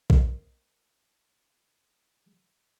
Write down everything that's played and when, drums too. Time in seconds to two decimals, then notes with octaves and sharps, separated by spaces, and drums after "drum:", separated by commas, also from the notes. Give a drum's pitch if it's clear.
0.10 A#3 C4 A#4 D#5 F5, drum: kick A#1